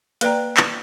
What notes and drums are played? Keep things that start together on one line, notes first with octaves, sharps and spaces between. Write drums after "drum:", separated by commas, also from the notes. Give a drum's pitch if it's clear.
A#3 B4 D5 G5 A#5, drum: hi-hat
drum: clap